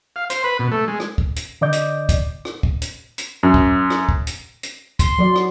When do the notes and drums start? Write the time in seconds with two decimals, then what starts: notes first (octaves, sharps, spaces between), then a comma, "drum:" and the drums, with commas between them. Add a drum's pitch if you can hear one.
0.16 F5
0.30 C5, drum: hi-hat
0.44 B4
0.59 B2
0.71 A3
0.88 G#3
1.00 drum: rim click
1.18 drum: kick
1.36 drum: hi-hat
1.61 D3 D5 D#5 D6 G6
1.73 drum: hi-hat
2.09 drum: kick, hi-hat
2.45 drum: rim click
2.63 drum: kick
2.82 drum: hi-hat
3.18 drum: hi-hat
3.43 F#2
3.54 drum: kick
3.90 drum: rim click
4.09 drum: kick
4.27 drum: hi-hat
4.63 drum: hi-hat
4.99 C6, drum: kick, hi-hat
5.18 F#3 D5
5.36 drum: rim click